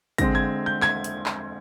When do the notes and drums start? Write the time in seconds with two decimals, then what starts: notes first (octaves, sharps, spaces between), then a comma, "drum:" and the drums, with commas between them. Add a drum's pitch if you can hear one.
0.18 D3 G#3 C4 A#6, drum: kick, hi-hat
0.35 G#6
0.66 G6
0.82 G#6, drum: clap
1.04 drum: hi-hat
1.26 drum: clap